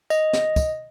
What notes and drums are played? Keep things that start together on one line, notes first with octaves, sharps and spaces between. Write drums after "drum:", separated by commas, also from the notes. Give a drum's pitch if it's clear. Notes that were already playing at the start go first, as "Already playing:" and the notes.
D#5, drum: tambourine
drum: snare
drum: kick, tambourine